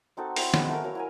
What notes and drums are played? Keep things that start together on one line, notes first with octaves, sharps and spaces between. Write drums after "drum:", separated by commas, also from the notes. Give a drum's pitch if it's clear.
C4 D#4 F#4 A4
C4 E4, drum: open hi-hat
G#3 B3 B4, drum: snare
A3 A#4
F#3 A#4 F5
E4 A#4 G#5